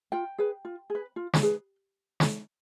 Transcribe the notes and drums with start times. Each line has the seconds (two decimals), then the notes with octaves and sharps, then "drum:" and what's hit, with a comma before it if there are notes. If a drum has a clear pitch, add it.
0.12 F4 G5
0.38 G#4 B4
0.65 F4
0.90 G#4
0.95 B4
1.16 F4
1.34 drum: snare
1.43 G#4 B4
2.20 drum: snare